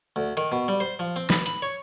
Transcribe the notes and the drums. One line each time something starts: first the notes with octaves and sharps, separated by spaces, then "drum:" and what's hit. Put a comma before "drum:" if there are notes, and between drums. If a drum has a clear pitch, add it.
D2
D#3, drum: hi-hat
B2
G3
C5
F3
C4
B4, drum: snare
B5, drum: hi-hat
C#5